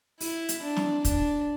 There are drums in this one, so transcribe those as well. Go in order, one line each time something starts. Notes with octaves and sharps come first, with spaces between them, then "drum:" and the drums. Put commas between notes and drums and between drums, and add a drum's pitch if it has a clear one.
E4, drum: open hi-hat
drum: hi-hat
D4
drum: snare
D4, drum: kick, hi-hat